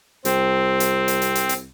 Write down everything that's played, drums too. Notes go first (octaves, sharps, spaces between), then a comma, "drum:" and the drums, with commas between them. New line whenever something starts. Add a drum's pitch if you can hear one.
C2 C4, drum: hi-hat
drum: hi-hat
drum: hi-hat
drum: hi-hat
drum: hi-hat
drum: hi-hat